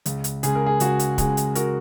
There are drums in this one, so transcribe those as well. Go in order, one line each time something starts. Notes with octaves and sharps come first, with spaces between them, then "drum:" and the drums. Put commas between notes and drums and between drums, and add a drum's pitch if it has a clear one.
C#2, drum: hi-hat
drum: hi-hat
C#3 G#3 G#4, drum: hi-hat
A#4
G#4
C#2 F#4, drum: hi-hat
drum: hi-hat
C#3 G#3 G#4, drum: kick D1, hi-hat
drum: hi-hat
F#4 A#4, drum: hi-hat